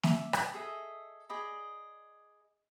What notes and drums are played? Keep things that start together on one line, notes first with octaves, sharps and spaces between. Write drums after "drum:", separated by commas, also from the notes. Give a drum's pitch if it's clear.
E5 D6, drum: snare
drum: rim click
G#4 A4 D#5 E5
G#4 D5 D#5 B5